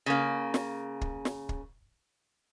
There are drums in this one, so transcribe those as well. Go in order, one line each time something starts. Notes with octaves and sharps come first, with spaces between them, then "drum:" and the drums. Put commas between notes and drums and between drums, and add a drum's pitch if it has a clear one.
C#3 A#3
drum: snare
drum: kick
drum: snare
drum: kick